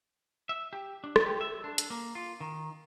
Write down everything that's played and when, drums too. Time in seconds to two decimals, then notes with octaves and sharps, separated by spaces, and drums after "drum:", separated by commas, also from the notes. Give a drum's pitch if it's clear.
0.49 E5
0.73 G4
1.04 D4
1.16 drum: rim click
1.26 G4
1.41 E5
1.64 D4
1.78 drum: hi-hat
1.90 A#3
2.15 F4
2.41 D#3